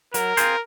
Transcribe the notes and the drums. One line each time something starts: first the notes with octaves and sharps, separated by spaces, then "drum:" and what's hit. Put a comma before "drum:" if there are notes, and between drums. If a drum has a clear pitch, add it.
F#3 A#4, drum: hi-hat
C4 F4 G#4 C5, drum: hi-hat